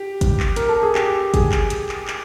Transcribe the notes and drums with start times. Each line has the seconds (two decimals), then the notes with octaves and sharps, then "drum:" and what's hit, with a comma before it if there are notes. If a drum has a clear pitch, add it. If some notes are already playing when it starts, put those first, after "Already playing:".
Already playing: G4
0.21 drum: kick, hi-hat
0.40 drum: clap
0.56 A#4, drum: hi-hat
0.69 A4
0.83 G#4
0.95 G4, drum: clap
1.34 G#4, drum: kick, hi-hat
1.52 drum: clap
1.70 drum: hi-hat
1.89 drum: clap
2.08 drum: clap